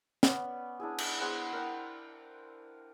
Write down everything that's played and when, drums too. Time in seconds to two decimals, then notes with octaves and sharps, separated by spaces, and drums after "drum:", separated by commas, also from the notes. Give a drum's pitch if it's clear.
0.23 B3 C#4 D5, drum: snare
0.80 D4 E4 G#4
0.98 drum: cymbal
1.20 B3 G#4 C5 F#5
1.53 A#4 F#5 G5